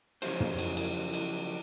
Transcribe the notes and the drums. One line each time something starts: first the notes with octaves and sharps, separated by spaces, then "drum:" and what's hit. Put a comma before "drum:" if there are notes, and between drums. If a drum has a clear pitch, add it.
C#3 F3 F#3 G4 C5, drum: cymbal
drum: tom
drum: cymbal
drum: cymbal
drum: cymbal